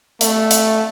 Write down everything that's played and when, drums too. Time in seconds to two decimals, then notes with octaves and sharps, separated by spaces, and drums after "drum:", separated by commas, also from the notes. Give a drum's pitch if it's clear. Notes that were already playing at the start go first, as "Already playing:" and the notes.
0.21 A3, drum: hi-hat
0.51 drum: hi-hat